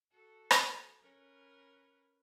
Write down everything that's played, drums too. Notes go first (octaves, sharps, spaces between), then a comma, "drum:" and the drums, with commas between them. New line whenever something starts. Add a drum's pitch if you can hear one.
F#4 A4
drum: rim click
C#4 A#4 B4